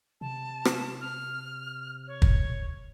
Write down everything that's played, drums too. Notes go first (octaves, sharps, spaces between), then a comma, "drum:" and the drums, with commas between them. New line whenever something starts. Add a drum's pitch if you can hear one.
C3 A5
drum: rim click
F6
C#5
drum: kick